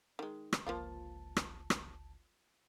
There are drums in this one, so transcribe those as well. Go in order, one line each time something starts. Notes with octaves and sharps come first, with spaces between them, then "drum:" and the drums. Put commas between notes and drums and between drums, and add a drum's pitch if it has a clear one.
D#3 G#3
drum: rim click
G1 C#2 F3 A#3 F4 A5
drum: rim click
drum: rim click